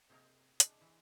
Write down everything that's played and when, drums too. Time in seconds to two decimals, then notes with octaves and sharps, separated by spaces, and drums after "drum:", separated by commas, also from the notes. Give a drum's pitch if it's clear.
0.09 C3 A#3 G#4 A#4 D#5 G5
0.60 G#3 D4 G#5, drum: hi-hat
0.81 E3